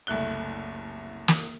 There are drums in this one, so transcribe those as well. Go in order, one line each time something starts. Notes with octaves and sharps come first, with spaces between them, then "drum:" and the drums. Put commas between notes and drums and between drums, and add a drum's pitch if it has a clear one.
F#1 C2 A3 F#6 G7
drum: snare